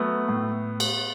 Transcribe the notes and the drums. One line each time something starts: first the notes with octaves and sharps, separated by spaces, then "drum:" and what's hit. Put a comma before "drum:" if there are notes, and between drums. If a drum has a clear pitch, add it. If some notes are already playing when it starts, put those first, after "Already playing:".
Already playing: F#3 A3 B3
A2
drum: cymbal